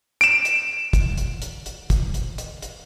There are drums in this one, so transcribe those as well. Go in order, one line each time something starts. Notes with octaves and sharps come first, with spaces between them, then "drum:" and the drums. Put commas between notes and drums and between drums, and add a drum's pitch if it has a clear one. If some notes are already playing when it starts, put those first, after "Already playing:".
D7 E7, drum: hi-hat
drum: hi-hat
drum: kick, hi-hat
drum: hi-hat
drum: hi-hat
drum: hi-hat
drum: kick, hi-hat
drum: hi-hat
drum: hi-hat
drum: hi-hat